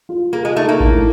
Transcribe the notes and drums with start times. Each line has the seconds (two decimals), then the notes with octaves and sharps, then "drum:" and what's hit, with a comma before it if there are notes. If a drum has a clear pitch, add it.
0.09 F4
0.33 A#3 G#4
0.45 G#3
0.57 A3 D#4
0.69 A#3
0.80 A2, drum: kick A1